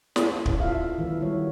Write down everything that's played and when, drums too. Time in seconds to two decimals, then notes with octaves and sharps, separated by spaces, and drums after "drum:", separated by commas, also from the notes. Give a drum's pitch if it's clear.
0.16 A4 F#5, drum: snare
0.34 C#4 E4
0.46 drum: kick
0.60 E4 F4 A4 D5 E5 F5
0.98 D#3 E3 F#3 G#3 B4
1.20 D#3 G3 E4 F#4 C#5